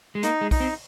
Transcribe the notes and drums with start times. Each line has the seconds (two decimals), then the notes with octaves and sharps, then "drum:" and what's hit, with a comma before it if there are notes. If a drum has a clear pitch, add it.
0.15 G#3
0.23 A#3 D#4, drum: hi-hat
0.41 G#3
0.51 D#4, drum: kick, open hi-hat
0.60 C4